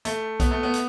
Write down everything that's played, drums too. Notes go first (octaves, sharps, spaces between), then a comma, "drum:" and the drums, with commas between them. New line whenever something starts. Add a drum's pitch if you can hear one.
A3, drum: hi-hat
B3, drum: kick B1, hi-hat
A3
B3
drum: hi-hat